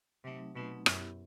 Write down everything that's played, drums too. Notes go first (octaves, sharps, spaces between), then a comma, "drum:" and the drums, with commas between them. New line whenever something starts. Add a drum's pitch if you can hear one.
C3 F#3 A3 C4 D#4
B2 F#3 A3 C4 D#4
F#2 B3 E4 G4, drum: rim click